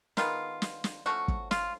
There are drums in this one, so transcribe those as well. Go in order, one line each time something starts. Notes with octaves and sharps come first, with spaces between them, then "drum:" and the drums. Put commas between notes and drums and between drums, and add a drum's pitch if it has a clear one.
D#3 G#3 B3 F4, drum: snare
drum: snare
drum: snare
F3 A3 C#4 F#4
drum: kick
F4, drum: snare